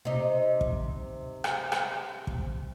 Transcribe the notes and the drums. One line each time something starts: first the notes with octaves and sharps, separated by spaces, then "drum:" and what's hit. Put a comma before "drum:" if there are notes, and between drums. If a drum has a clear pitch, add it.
C3 D#4
drum: kick
drum: rim click
drum: rim click
drum: kick